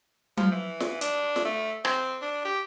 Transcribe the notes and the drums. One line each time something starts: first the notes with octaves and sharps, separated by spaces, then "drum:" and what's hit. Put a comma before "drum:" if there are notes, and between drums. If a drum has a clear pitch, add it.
F3, drum: tom F#3
E3
drum: snare
D4, drum: hi-hat
drum: snare
A3
C4, drum: rim click
D4
G4